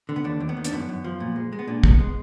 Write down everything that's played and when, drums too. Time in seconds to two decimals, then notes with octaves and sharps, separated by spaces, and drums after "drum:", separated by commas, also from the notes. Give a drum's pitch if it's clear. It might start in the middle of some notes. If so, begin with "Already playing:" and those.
0.09 D3
0.16 B3
0.24 D#2 D4
0.40 D#2
0.49 B3
0.57 D#3
0.64 D4, drum: hi-hat
0.72 F#2 B3
0.89 F#2
1.04 F3
1.20 A#2
1.36 G#3
1.53 G#3
1.59 B3
1.67 A#2 D4
1.84 G#3, drum: kick
1.92 B3
2.00 G#3